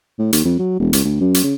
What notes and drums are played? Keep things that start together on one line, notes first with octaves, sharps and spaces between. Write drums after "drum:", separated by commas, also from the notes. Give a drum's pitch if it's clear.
A2
D#2, drum: hi-hat
F2
F#3
E1
C#2, drum: hi-hat
D2
F#2
drum: hi-hat
C#3